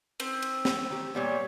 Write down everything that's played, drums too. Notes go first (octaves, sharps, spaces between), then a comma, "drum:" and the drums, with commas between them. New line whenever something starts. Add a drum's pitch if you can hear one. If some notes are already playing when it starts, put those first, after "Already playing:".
C4, drum: cymbal
drum: cymbal
drum: snare
D#3 G4
A#2 G3 B3 C#5